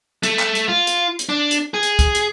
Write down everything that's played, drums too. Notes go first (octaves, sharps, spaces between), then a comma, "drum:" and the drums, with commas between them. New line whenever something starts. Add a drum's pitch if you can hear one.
A3, drum: hi-hat
drum: clap
drum: hi-hat
F4
drum: hi-hat
drum: hi-hat
D4
drum: hi-hat
G#4
drum: hi-hat
drum: kick, hi-hat
drum: hi-hat